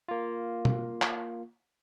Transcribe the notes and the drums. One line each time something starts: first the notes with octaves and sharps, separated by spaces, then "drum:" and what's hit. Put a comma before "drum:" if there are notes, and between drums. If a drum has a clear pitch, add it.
A#3 F4
drum: tom
drum: clap